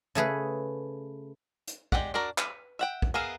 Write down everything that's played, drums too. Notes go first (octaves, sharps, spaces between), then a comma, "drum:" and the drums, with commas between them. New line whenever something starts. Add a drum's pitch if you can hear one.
C#3 A3 G#4 B4
drum: hi-hat
G#3 D#4 G4 D5 F#5, drum: kick
D4 F#4 A#4 D5 A#5
B4, drum: clap
E5 F#5 G5
drum: kick
B3 G#4 A#4 E5 F5